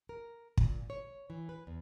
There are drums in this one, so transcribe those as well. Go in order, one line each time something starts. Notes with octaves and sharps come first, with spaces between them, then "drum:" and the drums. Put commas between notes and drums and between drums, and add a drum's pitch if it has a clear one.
A#4
A#2, drum: kick
C#5
E3
B4
E2